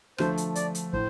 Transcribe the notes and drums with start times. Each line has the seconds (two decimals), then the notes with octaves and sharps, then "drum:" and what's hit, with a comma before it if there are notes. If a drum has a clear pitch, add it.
0.18 D3 F3 A3 C5, drum: rim click
0.37 drum: hi-hat
0.55 D5, drum: hi-hat
0.75 drum: hi-hat
0.93 A2 C5, drum: kick